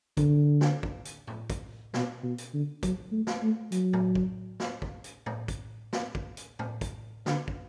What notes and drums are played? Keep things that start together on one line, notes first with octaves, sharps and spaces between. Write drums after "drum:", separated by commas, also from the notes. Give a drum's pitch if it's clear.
D3, drum: kick, hi-hat
drum: snare
drum: kick
drum: hi-hat
drum: tom A2
drum: kick, hi-hat
B2, drum: snare
B2
drum: hi-hat
D3
F#3, drum: kick, hi-hat
A3
drum: snare
A3
F#3, drum: hi-hat
drum: tom A2
drum: kick
drum: snare
drum: kick
drum: hi-hat
drum: tom A2
drum: kick, hi-hat
drum: snare
drum: kick
drum: hi-hat
drum: tom A2
drum: kick, hi-hat
D3, drum: snare
drum: kick